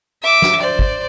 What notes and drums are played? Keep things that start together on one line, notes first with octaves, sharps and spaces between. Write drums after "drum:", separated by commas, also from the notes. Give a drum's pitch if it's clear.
E5 D6
drum: snare
C5 D5
drum: kick